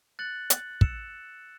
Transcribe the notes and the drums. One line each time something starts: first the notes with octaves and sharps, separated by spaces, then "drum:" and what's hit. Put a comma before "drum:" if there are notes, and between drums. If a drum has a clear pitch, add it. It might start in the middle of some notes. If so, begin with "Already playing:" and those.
F#6 A6 C#7 F#7
drum: hi-hat
E6 C#7 E7, drum: kick